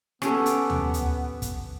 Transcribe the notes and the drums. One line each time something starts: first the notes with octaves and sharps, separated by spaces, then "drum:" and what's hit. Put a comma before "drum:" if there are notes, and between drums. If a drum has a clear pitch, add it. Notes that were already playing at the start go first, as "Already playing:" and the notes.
B3 C#4 G4 A4, drum: rim click
drum: hi-hat
drum: tom D2
drum: hi-hat
drum: kick, hi-hat